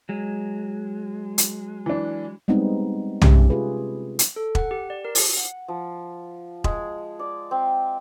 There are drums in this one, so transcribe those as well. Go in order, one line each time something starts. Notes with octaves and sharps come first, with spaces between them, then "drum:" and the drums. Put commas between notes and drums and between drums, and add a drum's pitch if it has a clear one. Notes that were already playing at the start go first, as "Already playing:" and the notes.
F#3 G#3
drum: hi-hat
E3 D4
G3 G#3 B3 C4 D#4
C3 G#3 C#4 G4 E5, drum: tom
F4 G#4 B4
drum: hi-hat
A4
F#5, drum: kick E1
G4
D5
A#4
drum: open hi-hat
F#5
F3
G#3, drum: kick E1
D5
C4